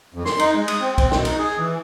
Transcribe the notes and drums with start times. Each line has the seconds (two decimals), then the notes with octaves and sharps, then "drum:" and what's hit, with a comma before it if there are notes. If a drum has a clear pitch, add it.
0.14 F2
0.25 C6, drum: snare
0.39 D#4, drum: cymbal
0.55 G#3
0.68 D#6, drum: cymbal
0.81 C4
0.98 C4, drum: kick B1, cymbal
1.12 B2, drum: snare
1.25 D#4, drum: cymbal
1.38 G#4
1.58 E3